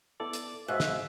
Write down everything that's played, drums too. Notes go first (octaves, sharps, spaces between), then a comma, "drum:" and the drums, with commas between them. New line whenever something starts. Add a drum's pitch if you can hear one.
B3 E4 A4 D5
drum: hi-hat
G#2 F#4 B4 E5 F5
drum: snare